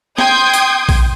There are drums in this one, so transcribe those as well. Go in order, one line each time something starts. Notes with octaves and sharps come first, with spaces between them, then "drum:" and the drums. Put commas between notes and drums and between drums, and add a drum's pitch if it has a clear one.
G5 C6 D#6 G6 G#6, drum: snare
drum: hi-hat
drum: kick A#1, open hi-hat